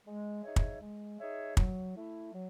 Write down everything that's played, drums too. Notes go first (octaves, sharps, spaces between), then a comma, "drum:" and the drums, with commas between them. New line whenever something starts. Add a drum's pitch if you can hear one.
G#3
D#4 G#4 C#5 E5
drum: kick
G#3
D#4 G#4 C#5 E5
F#3, drum: kick
A3 E4
F#3